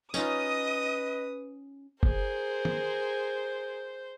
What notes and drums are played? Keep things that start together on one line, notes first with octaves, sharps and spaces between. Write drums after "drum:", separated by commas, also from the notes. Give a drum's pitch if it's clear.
C#4 D#4 F4 B4 D#5 D#6, drum: tambourine
G#4 A#4 C5, drum: kick F#1
drum: tom D#3